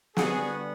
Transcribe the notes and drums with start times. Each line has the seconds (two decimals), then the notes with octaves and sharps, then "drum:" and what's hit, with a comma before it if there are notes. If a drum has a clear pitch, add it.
0.17 D3 G3 B3 F#4 G#4, drum: snare